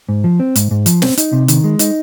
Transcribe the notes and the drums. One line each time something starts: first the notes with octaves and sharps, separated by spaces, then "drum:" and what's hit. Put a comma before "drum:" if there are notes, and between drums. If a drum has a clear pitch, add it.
G#2
F3
C4
G#2, drum: hi-hat
G#2
F3, drum: hi-hat
C4, drum: snare
D#4, drum: hi-hat
C3
D#3, drum: hi-hat
G#3
D#4, drum: hi-hat